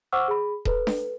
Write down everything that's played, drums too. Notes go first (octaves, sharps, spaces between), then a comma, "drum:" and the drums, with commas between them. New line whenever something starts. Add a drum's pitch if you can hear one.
C5 F#5 C#6 D6 E6 F6
G#4 B5
A4 B4, drum: kick D#1
drum: snare D4